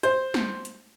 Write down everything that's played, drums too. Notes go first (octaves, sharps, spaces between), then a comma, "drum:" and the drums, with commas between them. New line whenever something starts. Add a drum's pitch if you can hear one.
C5, drum: hi-hat
drum: snare
drum: hi-hat